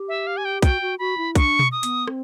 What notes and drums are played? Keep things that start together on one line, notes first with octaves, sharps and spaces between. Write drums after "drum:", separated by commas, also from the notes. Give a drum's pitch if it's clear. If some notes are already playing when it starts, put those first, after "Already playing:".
Already playing: G4
E5
F5
G#5
G5
F#4 G5, drum: kick, hi-hat
F#4
F#4 B5
E4
D4 C#6, drum: kick, hi-hat
drum: tom B2
D#6
B3, drum: hi-hat
C4, drum: rim click